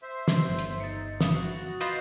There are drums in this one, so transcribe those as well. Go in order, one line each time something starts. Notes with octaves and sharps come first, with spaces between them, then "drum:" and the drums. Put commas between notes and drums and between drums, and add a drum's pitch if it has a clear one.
C5 E5
drum: snare
G1
drum: hi-hat
D#4 A6 C#7
E4 F5 D#6, drum: snare
F#4
F4 B4 D#5 G6 C7, drum: hi-hat